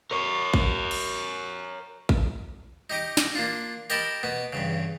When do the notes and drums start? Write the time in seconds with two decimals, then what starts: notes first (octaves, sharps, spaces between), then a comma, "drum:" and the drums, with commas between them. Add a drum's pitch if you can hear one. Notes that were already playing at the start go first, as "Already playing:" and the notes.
0.11 A#4 C#5
0.54 drum: kick
0.91 drum: cymbal
2.09 drum: kick
2.90 D#4 G4 D#5 D6
3.17 drum: snare
3.35 A#3 D4 F4
3.90 G4 A#4 D#5 G5 A5 B5, drum: tambourine
4.23 B2 B3
4.53 E2 G2 C#3